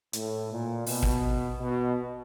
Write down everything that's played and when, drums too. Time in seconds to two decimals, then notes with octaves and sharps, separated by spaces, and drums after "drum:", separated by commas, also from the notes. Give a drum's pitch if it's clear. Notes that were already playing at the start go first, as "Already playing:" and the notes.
0.13 A2, drum: hi-hat
0.50 A#2
0.86 B2, drum: open hi-hat
1.03 drum: kick
1.60 B2